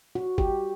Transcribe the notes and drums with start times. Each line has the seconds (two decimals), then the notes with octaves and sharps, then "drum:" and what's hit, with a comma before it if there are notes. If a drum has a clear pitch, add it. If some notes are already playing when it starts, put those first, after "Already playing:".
0.15 F#4
0.38 G4, drum: kick